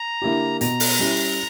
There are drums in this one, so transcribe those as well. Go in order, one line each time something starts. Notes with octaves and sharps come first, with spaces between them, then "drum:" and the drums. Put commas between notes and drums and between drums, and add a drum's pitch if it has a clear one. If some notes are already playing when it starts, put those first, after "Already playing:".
Already playing: A#5
D3 A#3 E4 G4
B2 A#5, drum: hi-hat
drum: open hi-hat
G3 C#4 E4